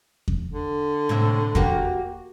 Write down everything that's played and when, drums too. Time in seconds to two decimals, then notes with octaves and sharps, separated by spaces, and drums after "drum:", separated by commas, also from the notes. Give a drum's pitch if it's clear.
0.28 drum: kick E2
0.52 D3
1.09 A2 C3 E5
1.55 A#3 F#4 G4, drum: kick E2